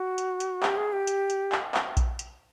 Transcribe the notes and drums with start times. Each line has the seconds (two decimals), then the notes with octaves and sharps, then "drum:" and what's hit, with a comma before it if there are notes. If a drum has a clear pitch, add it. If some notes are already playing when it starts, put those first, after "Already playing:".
Already playing: F#4
0.18 drum: hi-hat
0.40 drum: hi-hat
0.63 G4, drum: clap
0.77 G#4
0.93 G4
1.07 drum: hi-hat
1.30 drum: hi-hat
1.52 drum: clap
1.74 drum: clap
1.97 drum: kick A#1, hi-hat
2.19 drum: hi-hat